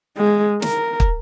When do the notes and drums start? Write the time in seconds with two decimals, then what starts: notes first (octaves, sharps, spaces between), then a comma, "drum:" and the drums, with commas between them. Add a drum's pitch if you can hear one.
0.17 G#3
0.62 A#4, drum: snare
1.00 drum: kick